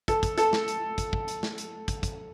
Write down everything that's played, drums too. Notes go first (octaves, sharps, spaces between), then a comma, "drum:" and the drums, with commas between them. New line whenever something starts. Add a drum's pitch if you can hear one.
A4, drum: kick, hi-hat
drum: kick, hi-hat
A4, drum: hi-hat
drum: snare
drum: hi-hat
drum: kick, hi-hat
drum: kick
drum: hi-hat
drum: snare
drum: hi-hat
drum: kick, hi-hat
drum: kick, hi-hat